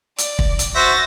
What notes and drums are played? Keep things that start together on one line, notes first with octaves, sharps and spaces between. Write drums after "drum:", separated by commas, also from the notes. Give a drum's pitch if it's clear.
D5, drum: hi-hat
drum: kick
drum: hi-hat
F#4 C5 E5 A6 A#6